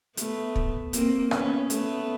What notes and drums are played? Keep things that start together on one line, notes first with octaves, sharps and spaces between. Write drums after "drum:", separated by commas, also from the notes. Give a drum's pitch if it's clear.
A3 B3, drum: hi-hat
drum: kick
A#3 C4, drum: hi-hat
B3 C#4, drum: rim click
A3 B3, drum: hi-hat